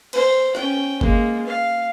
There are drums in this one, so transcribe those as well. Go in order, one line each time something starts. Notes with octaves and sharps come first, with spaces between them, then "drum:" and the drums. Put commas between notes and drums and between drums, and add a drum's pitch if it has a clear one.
C5, drum: cymbal
C#4 G5, drum: rim click
G#3 A#3, drum: kick G1
F5